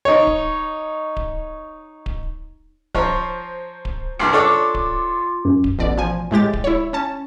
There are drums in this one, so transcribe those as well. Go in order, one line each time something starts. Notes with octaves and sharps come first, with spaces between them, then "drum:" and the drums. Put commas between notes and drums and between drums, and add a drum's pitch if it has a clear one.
D#4 C#5
drum: kick D1
drum: kick D1
drum: kick D1
F3 C5 C#5 A#5 F6, drum: kick D1
drum: kick D1
C2 G2 F4 C7
D4 A4 C#5 D6
drum: kick D1
F#2
drum: kick D1
A1 B2 D5
F3 G#5
A2 G#3 G4 A6
drum: kick D1
E4 C#5
C#4 A5